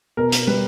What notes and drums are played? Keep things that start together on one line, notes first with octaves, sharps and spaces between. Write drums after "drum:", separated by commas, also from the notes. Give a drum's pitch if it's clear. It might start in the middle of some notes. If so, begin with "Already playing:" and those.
B2 A#4
drum: hi-hat
G3 B4